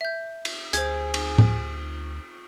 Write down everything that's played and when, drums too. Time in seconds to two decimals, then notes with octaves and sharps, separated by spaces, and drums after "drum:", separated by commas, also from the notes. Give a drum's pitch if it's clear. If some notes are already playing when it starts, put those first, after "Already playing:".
0.01 E5 G6
0.45 drum: cymbal
0.73 D2 G#4 C5 G#6, drum: hi-hat
1.14 drum: cymbal
1.38 drum: tom A2